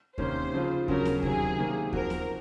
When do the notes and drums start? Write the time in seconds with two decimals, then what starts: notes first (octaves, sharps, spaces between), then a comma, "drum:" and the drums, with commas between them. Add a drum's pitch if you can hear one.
0.18 C3 D#3 A#3 C#4 C5, drum: kick D#2
0.53 C#3 F3 C4 F4
0.88 C#3 F#3 C#4 A#4, drum: kick D#2
1.05 drum: snare B3
1.22 C3 D#3 F#3 G#4, drum: kick D#2
1.58 C3 D#3 A#3
1.93 F3 C4 F#4 A#4, drum: kick D#2
2.10 drum: snare B3